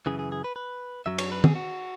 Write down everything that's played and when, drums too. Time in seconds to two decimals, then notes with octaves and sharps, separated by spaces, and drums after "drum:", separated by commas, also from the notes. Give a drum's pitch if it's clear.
0.06 F#2 C#3 E3 G#4
0.19 G#4
0.32 G#4
0.44 B4
0.56 B4
1.06 F#2 F#3 E5
1.18 C#5, drum: cymbal
1.32 B4
1.44 G#4, drum: tom
1.55 F#4